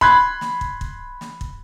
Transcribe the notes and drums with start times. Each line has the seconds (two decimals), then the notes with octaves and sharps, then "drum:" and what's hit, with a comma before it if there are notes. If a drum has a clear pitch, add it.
0.01 B5 C6 F#6 G#6, drum: kick
0.41 drum: snare
0.61 drum: kick
0.81 drum: kick
1.21 drum: snare
1.41 drum: kick